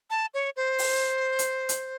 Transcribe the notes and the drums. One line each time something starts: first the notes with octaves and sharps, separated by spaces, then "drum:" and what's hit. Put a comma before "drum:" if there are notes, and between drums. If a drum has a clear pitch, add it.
A5
C#5
C5
drum: open hi-hat
drum: hi-hat
drum: hi-hat